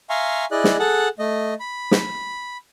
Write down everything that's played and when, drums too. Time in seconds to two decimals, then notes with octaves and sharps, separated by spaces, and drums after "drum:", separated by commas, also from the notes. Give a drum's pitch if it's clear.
0.10 E5 F5 G#5 A#5 C6 C#6
0.51 E4 G#4 D5 D#5 F#6
0.64 drum: snare
0.79 G#4 A4 F#5 A5 F#6
1.19 A3 D#5
1.60 B5
1.91 drum: snare